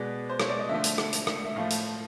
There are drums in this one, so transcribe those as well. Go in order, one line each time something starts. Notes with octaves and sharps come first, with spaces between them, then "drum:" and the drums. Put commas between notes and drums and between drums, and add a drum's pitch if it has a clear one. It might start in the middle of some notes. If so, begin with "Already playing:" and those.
Already playing: B2 G#3 B3 D5
C5
C#5, drum: rim click
D5
D#5
D3 F3 A3 E5
drum: hi-hat
drum: rim click
drum: hi-hat
drum: rim click
E5
A2 F3 A3 F5
drum: hi-hat